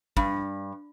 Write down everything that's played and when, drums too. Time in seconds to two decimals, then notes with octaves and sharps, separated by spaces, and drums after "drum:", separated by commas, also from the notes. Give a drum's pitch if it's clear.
0.17 G2, drum: kick